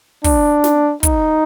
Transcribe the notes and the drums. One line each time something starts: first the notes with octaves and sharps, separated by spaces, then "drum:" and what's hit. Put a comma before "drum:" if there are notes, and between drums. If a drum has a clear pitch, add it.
D4, drum: kick, open hi-hat
drum: snare
D#4, drum: kick, hi-hat